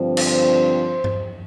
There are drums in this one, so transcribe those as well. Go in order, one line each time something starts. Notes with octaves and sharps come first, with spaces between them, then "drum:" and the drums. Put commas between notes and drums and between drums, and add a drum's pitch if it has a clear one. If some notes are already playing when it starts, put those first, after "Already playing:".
Already playing: G2 D3 F3 C4
C5, drum: cymbal
drum: tom G2